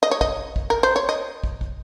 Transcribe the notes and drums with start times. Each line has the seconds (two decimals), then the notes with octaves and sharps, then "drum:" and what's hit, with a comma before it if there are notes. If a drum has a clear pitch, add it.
0.03 D#5
0.11 C#5
0.21 D#5, drum: kick
0.56 drum: kick
0.70 A#4
0.83 C5
0.96 C#5
1.09 D#5
1.44 drum: kick
1.61 drum: kick